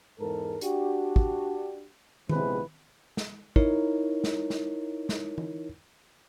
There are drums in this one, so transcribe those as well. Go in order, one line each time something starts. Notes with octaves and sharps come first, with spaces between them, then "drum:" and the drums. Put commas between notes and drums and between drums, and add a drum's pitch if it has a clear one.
E2 G#2 G#3 A4 A#4
D4 F#4 G4, drum: hi-hat
drum: kick
A#1 C3 G#3 B3 E4 B4, drum: tom D#3
drum: snare
D#4 E4 A#4 C#5, drum: kick
drum: snare
drum: snare
drum: snare
drum: tom E3